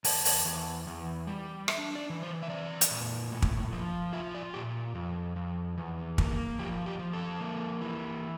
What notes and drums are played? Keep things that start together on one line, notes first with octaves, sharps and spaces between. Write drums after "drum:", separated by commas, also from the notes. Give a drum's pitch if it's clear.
E2 A5, drum: open hi-hat
drum: open hi-hat
E2
E2
G3
D4 E5, drum: rim click
D5
E3
C5
E5
C4 D5
drum: hi-hat
A#2
A2
drum: kick
F3
F4 E5
D5
A#2 G4
F2
F2
E2
A#3, drum: kick
F3 G4
G4
F3
A4
A#3
E3